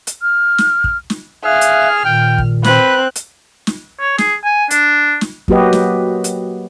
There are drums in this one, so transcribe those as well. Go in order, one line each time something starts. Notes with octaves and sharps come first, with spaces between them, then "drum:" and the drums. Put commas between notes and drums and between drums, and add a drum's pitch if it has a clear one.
drum: hi-hat
F6
drum: snare
drum: kick
drum: snare
G#4 E5 F5 F6 F#6
drum: hi-hat
A#2 D#3 G5
drum: kick
C4 B4 F#6, drum: snare
drum: hi-hat
drum: snare
C#5
G#4, drum: snare
G#5
D4, drum: hi-hat
drum: snare
F#3 A#3 F#4 G4 B4 D#5, drum: kick
drum: snare
drum: hi-hat